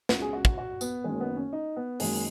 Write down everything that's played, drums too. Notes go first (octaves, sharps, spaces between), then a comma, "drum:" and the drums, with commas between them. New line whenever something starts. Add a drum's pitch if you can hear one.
C#2 B2 F#4, drum: snare
G#4
F#4
F#4, drum: kick
F#4
B3, drum: tambourine
F#1 F#2 D#3 G#3
B3
C#4
D#4
B3
F#1 F#2 D#3 G#3, drum: open hi-hat